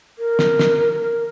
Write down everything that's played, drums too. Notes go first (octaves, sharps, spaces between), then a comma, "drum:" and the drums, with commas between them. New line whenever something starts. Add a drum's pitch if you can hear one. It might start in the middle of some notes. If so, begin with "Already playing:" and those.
A#4
drum: snare
drum: snare
A#4